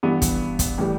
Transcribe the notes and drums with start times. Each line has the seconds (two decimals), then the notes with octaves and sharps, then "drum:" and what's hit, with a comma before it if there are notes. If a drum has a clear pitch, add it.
0.03 G2 E3 G3 B3
0.22 drum: kick, hi-hat
0.59 drum: kick, hi-hat
0.78 A2 E3 G3